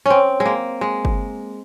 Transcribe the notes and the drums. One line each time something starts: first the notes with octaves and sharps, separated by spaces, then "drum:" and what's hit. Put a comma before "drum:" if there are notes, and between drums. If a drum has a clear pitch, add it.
C4 C#4
G#3
A#3
G#3
drum: kick G1